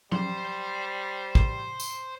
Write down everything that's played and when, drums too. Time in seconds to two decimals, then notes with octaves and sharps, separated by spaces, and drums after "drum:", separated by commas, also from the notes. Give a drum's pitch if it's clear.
0.12 G3 C5 C6, drum: tom F#3
1.35 drum: kick
1.80 drum: tambourine